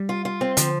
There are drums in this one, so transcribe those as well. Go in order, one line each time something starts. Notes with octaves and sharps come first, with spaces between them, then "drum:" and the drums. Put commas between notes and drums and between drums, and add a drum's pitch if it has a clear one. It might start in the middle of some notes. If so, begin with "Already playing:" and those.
Already playing: G3
F4
F4
C4
D3 F3, drum: hi-hat